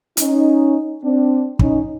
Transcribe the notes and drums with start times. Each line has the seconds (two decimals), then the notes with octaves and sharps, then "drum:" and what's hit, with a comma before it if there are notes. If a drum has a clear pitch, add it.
0.17 C#4 D#4, drum: hi-hat
1.03 C4 D4
1.59 C#4 D#4, drum: kick